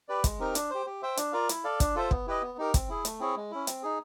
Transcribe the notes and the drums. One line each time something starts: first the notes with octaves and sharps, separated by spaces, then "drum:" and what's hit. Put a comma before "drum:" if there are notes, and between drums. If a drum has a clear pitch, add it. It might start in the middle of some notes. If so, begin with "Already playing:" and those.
G4 B4 D5
G#3, drum: kick, hi-hat
C4 D#4 G4 A#4
D4, drum: hi-hat
G4 C5
G4
C5 E5 G5
D4, drum: hi-hat
F4 A#4 D5 F5
E4, drum: hi-hat
A4 D5 F5
D4, drum: kick, hi-hat
F4 A4 C5 E5
B3, drum: kick
E4 G4 B4 D#5
B3
D#4 G4 A#4
C4, drum: kick, hi-hat
E4 G#4
A3, drum: hi-hat
C4 E4 G#4 C#5
G#3
C#4 E4
C4, drum: hi-hat
D#4 G#4